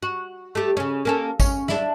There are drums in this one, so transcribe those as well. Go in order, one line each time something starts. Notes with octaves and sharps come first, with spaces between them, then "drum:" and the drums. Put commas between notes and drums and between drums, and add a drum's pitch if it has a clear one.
F#4
A3 G4
C#3 C#4
A#3 C#4 A4
C#4, drum: kick G#1, tambourine
D4 E4, drum: snare